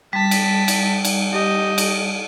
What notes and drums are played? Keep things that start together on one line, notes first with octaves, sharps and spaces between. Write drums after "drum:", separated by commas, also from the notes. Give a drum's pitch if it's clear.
G3 A5 B6
drum: cymbal
drum: cymbal
drum: cymbal
G4 D#5
drum: cymbal